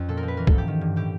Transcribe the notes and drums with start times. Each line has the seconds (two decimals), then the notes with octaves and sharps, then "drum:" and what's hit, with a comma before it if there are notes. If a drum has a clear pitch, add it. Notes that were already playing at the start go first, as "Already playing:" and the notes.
Already playing: F2 C#4
0.08 A#2 A4
0.17 A#4
0.23 F3
0.28 B4
0.37 E3 A#4
0.47 G#2 A4, drum: kick C2
0.58 G4
0.68 D#3
0.81 G2
0.96 A2 G4